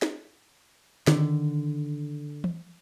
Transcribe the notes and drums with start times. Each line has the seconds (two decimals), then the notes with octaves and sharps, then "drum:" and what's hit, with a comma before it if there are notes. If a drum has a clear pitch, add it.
0.02 drum: snare
1.07 D3 D#3, drum: snare
2.44 drum: tom